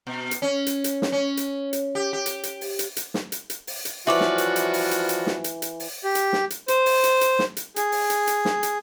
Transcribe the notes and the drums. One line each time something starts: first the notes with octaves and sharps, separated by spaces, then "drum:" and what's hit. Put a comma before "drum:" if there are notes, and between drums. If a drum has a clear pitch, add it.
B2
drum: hi-hat
C#4
drum: hi-hat
drum: hi-hat
drum: snare
C#4
drum: hi-hat
drum: hi-hat
G4
G4
drum: hi-hat
drum: hi-hat
drum: open hi-hat
drum: hi-hat
drum: hi-hat
drum: snare
drum: hi-hat
drum: hi-hat
drum: open hi-hat
drum: hi-hat
E3 F3 F#4 B4 C#5 D5 E5 D6
drum: snare
drum: hi-hat
drum: hi-hat
drum: open hi-hat
drum: hi-hat
drum: hi-hat
drum: snare
drum: hi-hat
drum: hi-hat
drum: open hi-hat
G4
drum: hi-hat
drum: snare
drum: hi-hat
C5, drum: hi-hat
drum: open hi-hat
drum: hi-hat
drum: hi-hat
drum: snare
drum: hi-hat
G#4, drum: hi-hat
drum: open hi-hat
drum: hi-hat
drum: hi-hat
drum: snare
drum: hi-hat